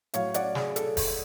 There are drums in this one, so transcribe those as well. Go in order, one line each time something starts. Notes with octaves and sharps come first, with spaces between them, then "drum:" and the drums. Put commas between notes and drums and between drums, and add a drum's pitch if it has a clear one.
A2 F#3 C#5 F5, drum: hi-hat
D5 F#5, drum: hi-hat
G#4, drum: snare
A4, drum: hi-hat
drum: kick F1, open hi-hat